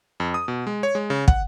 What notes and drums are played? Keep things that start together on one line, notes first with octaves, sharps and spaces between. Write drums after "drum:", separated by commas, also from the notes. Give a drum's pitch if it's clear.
F2
D#6
B2
G#3
C#5
G#3
C#3
F#5, drum: kick